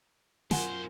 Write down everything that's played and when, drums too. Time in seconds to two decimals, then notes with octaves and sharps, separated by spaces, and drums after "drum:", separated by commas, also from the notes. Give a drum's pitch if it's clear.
0.51 B1 F#2 F4 A#4 C5 F#5 G#5, drum: snare